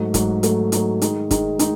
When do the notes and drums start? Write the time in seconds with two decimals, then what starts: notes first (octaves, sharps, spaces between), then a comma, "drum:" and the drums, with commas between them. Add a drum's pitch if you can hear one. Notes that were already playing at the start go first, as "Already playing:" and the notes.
Already playing: G#2 F#3 A3
0.14 G#2 F#3 A3, drum: kick, hi-hat
0.43 G#2 F#3 A3, drum: hi-hat
0.72 G#2 F#3 A3, drum: hi-hat
1.02 D#3 G#3 D#4, drum: hi-hat
1.31 D#3 G#3 D#4, drum: kick, hi-hat
1.59 D#3 G#3 D#4, drum: hi-hat